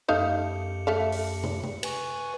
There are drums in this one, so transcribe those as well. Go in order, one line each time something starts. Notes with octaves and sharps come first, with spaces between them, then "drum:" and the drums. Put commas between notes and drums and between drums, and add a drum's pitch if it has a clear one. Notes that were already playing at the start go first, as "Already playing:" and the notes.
F#2 A3 D#4 G4 F5 C#7
A3 E5 F5
drum: open hi-hat
drum: tom
drum: tom
B4 G#5 C#6, drum: cymbal